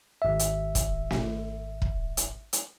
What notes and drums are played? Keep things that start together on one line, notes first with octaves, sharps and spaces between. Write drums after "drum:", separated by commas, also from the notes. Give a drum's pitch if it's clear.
G#1 E5
drum: hi-hat
drum: kick, hi-hat
drum: snare
drum: kick
drum: hi-hat
drum: hi-hat